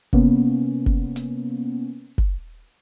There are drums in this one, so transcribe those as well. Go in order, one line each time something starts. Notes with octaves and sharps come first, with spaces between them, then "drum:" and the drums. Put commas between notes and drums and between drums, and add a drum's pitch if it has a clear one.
C3 A#3 B3 C#4, drum: kick
drum: kick
drum: hi-hat
drum: kick